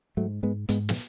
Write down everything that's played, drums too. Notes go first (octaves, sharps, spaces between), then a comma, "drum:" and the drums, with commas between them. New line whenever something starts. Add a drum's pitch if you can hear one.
G#2 F#3 A3
G#2 G#3 B3
G#2 G#3 B3, drum: hi-hat
drum: snare